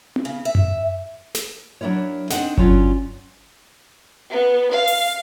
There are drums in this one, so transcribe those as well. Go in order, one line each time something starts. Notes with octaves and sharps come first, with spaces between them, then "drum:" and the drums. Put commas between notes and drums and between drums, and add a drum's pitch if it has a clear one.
drum: tom B3
C#3
E5
drum: tom F#2
drum: snare
F#3 D4 E4 A#4 C#5
C4 D4 D#4 F#5, drum: snare
F#3 C#4 D4 F4, drum: kick G1
B3
F5
drum: open hi-hat